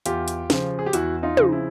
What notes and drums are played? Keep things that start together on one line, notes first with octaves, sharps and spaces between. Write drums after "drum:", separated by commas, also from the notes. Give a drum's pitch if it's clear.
E2 F4 G4, drum: hi-hat
drum: hi-hat
C#3 F3, drum: snare
G#4
G4
E2 E4 F#4, drum: hi-hat
D#4 F4
C#3 F3, drum: tom
E4